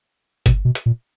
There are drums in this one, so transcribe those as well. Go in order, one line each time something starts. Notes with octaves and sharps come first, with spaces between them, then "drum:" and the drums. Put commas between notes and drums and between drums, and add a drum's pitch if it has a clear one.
B2, drum: kick G1, hi-hat
B2
drum: hi-hat
A#2